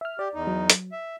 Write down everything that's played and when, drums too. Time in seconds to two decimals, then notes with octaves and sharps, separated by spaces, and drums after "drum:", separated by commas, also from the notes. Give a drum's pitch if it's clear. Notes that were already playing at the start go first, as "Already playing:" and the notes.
0.01 E5 F6
0.19 G4 D5
0.34 E2 D#4
0.47 F#3
0.70 drum: hi-hat
0.92 E5